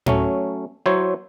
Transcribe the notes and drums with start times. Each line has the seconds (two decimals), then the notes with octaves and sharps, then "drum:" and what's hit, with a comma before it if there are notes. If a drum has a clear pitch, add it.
0.06 F#3 A3 C#4, drum: tom A2
0.86 F#3 E4 C5 C#5